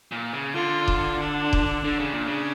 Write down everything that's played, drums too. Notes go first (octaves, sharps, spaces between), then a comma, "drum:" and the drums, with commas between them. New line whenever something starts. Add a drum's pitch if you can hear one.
A#2
C#3
D3 F4
drum: kick D#1
D4
drum: kick D#1
D3 D4
C#3
A#2
C#3